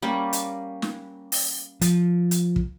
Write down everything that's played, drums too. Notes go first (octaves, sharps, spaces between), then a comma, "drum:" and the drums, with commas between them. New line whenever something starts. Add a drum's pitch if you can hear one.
G3 A#3 C#4
drum: hi-hat
drum: snare
drum: open hi-hat
F3, drum: hi-hat
drum: hi-hat
drum: kick